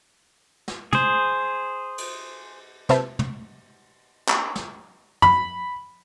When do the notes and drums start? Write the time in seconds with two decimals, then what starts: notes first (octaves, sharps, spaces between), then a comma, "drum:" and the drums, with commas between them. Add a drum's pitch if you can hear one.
0.68 drum: snare
0.93 G#4 C5, drum: tom
1.98 drum: cymbal
2.89 C3 B4 C5 E5 A5, drum: snare
3.19 drum: tom
4.28 drum: clap
4.56 drum: snare
5.22 B5, drum: tom